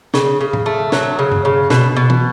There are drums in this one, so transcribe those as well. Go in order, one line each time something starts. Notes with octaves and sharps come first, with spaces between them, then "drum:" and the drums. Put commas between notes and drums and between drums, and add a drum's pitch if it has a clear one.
C#3, drum: snare
C#3
drum: tom A2
A3
F#3, drum: snare
C#3
drum: tom G2
C#3
B2, drum: snare
B2
drum: tom